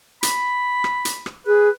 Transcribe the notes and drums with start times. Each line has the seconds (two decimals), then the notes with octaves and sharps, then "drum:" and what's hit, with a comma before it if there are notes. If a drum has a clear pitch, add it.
0.23 B5, drum: hi-hat
0.84 drum: rim click
1.05 drum: hi-hat
1.26 drum: rim click
1.47 G#4 B4